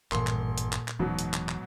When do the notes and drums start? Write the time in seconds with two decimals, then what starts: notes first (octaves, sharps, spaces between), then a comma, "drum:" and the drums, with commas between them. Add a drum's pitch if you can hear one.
0.12 D#1 A1 G2 A#2 E3 C6, drum: clap
0.27 drum: clap
0.58 drum: hi-hat
0.73 drum: clap
0.88 drum: clap
0.99 E1 G#2 B2 E3 F#3
1.19 drum: hi-hat
1.34 drum: clap
1.49 drum: clap